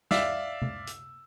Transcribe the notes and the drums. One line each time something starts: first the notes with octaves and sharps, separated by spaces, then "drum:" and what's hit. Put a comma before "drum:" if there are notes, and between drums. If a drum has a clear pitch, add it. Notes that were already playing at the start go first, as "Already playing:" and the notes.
D5 E5 F5 E6, drum: snare
drum: tom C3
drum: hi-hat